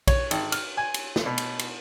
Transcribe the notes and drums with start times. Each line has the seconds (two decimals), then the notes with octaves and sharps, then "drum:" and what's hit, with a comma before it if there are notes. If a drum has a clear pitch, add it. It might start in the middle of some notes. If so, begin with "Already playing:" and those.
0.07 C#5, drum: kick A#1, cymbal
0.31 G#1, drum: cymbal
0.52 F6, drum: cymbal
0.77 G#5
0.94 drum: cymbal
1.16 drum: snare
1.26 B2
1.38 drum: cymbal
1.59 drum: cymbal